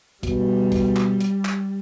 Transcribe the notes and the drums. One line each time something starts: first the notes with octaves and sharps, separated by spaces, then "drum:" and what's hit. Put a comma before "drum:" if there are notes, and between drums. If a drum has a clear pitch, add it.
B2 G3, drum: kick, hi-hat
drum: kick, open hi-hat
drum: clap
drum: hi-hat
drum: clap